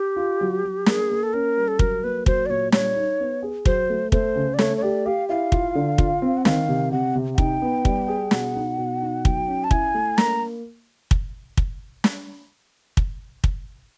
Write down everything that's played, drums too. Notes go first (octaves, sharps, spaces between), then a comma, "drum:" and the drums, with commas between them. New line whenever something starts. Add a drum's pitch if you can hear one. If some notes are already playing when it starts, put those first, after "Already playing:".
Already playing: G4
F4
F#3
F#3
A#3 G#4, drum: snare
A#3
A4
C#4 A#4
G3
A4
F#3 A#4, drum: kick
A#3 B4
F#3 C5, drum: kick
D5
A#2 C#5
G3 C#5, drum: snare
D#4
B3
G#4
F#3 C5, drum: kick
A3
A3 C5, drum: kick
C#3
D5
A3 C#5, drum: snare
C#5
G4 D5
G4 F5
E4 F5
F4, drum: kick
D3
F4, drum: kick
C4
F#5
D#3 F5, drum: snare
C3
C3 F#5
C3
F#5
D#4 G5, drum: kick
B3
G3, drum: kick
G#4
B2 F#5, drum: snare
D#4
B2
D#4
F#3 G5, drum: kick
C#4
A5
E4 G#5, drum: kick
A3
A#3 A#5, drum: snare
drum: kick
drum: kick
drum: snare
drum: kick
drum: kick